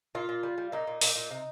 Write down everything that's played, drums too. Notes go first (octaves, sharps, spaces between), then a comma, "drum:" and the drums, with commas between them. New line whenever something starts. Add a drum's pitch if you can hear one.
A#2 F4
A#2
G3
G3
A#2 D#4
A#2
A#2, drum: open hi-hat
A#2
C3